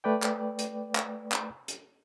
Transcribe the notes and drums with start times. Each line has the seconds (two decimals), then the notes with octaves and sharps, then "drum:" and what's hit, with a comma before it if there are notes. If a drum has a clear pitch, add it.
0.04 A3 B4 D5 G5
0.22 drum: clap
0.59 drum: hi-hat
0.95 drum: clap
1.32 drum: clap
1.68 drum: hi-hat